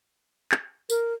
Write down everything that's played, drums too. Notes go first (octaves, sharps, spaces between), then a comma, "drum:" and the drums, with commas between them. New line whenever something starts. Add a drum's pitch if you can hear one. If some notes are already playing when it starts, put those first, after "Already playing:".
drum: clap
A#4, drum: tambourine